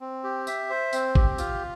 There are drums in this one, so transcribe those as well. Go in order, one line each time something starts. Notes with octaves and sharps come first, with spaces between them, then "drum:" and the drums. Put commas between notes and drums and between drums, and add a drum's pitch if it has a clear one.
C4
G4
E5, drum: tambourine
C5
C4, drum: tambourine
G4, drum: kick G#1
F4, drum: tambourine